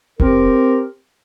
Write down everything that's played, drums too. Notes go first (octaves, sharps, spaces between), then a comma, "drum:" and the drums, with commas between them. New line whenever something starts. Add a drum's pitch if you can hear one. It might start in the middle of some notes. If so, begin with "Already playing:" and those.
C4 G4 A#4, drum: kick F1